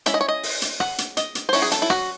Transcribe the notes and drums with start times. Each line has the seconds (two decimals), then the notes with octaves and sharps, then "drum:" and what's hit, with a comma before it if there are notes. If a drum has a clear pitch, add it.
0.06 G#3 C#4 E4 E5, drum: hi-hat
0.14 D#5
0.21 C#5
0.28 D#5
0.43 drum: open hi-hat
0.62 drum: hi-hat
0.80 F#5, drum: rim click
0.98 drum: hi-hat
1.17 D#5, drum: hi-hat
1.35 drum: hi-hat
1.49 C5
1.53 F#3 C#4 E4 C#5, drum: open hi-hat
1.62 G#4
1.72 A4, drum: hi-hat
1.82 E4
1.90 F#4, drum: rim click